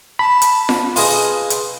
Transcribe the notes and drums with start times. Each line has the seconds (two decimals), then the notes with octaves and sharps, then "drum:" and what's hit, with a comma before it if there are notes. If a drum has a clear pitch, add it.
0.19 A5 B5
0.42 drum: hi-hat
0.69 drum: snare F4
0.96 F4 G#4 B4 D#5, drum: open hi-hat
1.50 drum: hi-hat